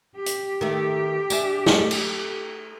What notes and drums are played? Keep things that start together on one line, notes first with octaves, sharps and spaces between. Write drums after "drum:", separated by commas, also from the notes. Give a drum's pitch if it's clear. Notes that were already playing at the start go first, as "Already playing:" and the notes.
G4
drum: hi-hat
D#3 A3
D4 G#4 E5, drum: tambourine
A3, drum: snare
drum: cymbal